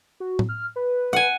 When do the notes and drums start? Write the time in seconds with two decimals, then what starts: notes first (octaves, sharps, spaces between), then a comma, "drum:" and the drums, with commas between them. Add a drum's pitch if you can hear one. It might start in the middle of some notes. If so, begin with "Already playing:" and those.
0.20 F#4
0.39 drum: tom A2
0.49 F6
0.76 B4
1.13 F#5 G#5